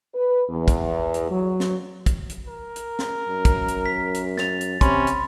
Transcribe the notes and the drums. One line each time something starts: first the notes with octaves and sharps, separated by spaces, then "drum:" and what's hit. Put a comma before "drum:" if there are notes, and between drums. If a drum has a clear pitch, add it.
B4
E2
drum: kick, hi-hat
drum: hi-hat
F#3
drum: snare
drum: kick, hi-hat
drum: hi-hat
A#4
drum: hi-hat
drum: snare
F#2
drum: kick, hi-hat
drum: hi-hat
B6
drum: hi-hat
A6 F7, drum: snare
drum: hi-hat
C3 C#4 B5 C6, drum: kick, hi-hat
drum: hi-hat